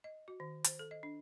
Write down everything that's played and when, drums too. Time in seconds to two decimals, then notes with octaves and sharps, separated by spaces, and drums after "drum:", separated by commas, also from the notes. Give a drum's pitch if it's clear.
0.04 D#5
0.28 F#4
0.40 D#3
0.64 C5, drum: hi-hat
0.79 A4
0.91 D#5
1.03 D4